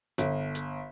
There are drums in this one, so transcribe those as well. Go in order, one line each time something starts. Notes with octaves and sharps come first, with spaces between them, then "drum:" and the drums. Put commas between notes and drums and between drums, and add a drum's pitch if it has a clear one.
G1, drum: hi-hat
drum: hi-hat